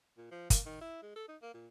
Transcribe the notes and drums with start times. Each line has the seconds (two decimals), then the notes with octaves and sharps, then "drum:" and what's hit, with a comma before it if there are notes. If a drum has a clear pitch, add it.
0.17 A#2
0.31 F3
0.50 A#3, drum: kick, hi-hat
0.66 D#3
0.81 E4
1.02 G#3
1.16 A4
1.28 D#4
1.42 A#3
1.54 A#2